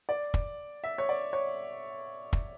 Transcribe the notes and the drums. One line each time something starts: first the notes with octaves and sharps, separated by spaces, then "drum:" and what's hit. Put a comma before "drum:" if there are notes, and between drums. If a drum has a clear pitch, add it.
D5
drum: kick
E5
C#5
D5
C#5
drum: kick